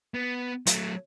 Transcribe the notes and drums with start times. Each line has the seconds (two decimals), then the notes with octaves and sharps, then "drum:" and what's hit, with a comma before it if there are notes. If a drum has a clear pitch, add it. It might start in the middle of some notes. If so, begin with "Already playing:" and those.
0.14 B3
0.67 F#3 A3, drum: hi-hat